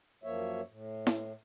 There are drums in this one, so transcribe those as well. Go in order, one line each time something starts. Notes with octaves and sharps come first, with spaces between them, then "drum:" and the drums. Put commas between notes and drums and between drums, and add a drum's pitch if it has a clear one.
F#2 F3 A#3 C#5 E5
A2
drum: snare E4